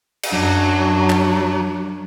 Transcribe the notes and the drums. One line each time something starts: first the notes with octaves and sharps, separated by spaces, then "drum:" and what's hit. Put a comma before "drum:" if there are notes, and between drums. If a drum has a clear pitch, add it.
drum: cymbal
F#2 F#3 D4
drum: clap